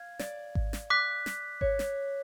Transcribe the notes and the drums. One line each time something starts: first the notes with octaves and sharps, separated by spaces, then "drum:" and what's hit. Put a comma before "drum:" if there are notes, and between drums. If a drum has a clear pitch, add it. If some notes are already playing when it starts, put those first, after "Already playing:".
Already playing: F5 G#6
D5, drum: snare
drum: kick G#1
drum: snare
D6 F#6 B6
drum: snare
C#5, drum: kick G#1
drum: snare